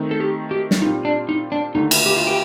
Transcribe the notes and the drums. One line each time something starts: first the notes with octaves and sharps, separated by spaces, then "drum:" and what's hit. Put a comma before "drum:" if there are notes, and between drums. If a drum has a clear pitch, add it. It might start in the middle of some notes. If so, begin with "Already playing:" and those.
Already playing: D#3 A3 C4 D#4
A4
G4
G4
drum: snare
A#2 G3 C4 D#4 F4
D4
D#4
D4
D#2 D3 A3 D#4
drum: cymbal
G4
F4
G4